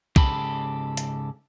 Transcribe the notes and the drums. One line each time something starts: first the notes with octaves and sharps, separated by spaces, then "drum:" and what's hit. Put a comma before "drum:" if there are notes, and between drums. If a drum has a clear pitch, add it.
C#2 G#2 C#3 G4 A4 B5, drum: kick
drum: hi-hat